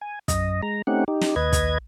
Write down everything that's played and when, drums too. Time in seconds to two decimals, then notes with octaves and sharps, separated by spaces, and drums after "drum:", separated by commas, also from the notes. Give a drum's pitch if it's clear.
0.01 G#5
0.28 F#2 D#5, drum: kick, hi-hat
0.62 G#3 A#5
0.87 A3 C4 C#4 D#4 G4 F#5
1.08 D#4 G4
1.21 drum: snare
1.36 D#2 B4 D#5 G#6
1.53 drum: kick, hi-hat